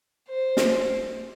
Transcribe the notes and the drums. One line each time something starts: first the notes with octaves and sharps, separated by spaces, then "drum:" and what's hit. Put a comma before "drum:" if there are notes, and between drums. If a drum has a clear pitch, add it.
C5
drum: snare